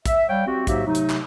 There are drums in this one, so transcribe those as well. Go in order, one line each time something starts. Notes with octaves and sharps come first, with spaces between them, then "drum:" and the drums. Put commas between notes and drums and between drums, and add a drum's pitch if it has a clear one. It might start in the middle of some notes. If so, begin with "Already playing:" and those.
E5, drum: kick, hi-hat
G3 C#5 F5 G5
C4 F#4 G4
G#2 F#3 A#3 F#4 G4 E5, drum: kick, hi-hat
C3 F#3 A3 D#4
drum: hi-hat
drum: clap